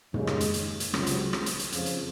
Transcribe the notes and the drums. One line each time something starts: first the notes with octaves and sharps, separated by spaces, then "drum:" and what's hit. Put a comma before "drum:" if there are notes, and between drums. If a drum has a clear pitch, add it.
D#2 C#3 G#3, drum: tom
drum: rim click
drum: hi-hat
drum: hi-hat
drum: hi-hat
C#2 C3 F#3, drum: rim click
drum: hi-hat
drum: rim click
drum: hi-hat
drum: hi-hat
F2 C#3 F3, drum: hi-hat
drum: hi-hat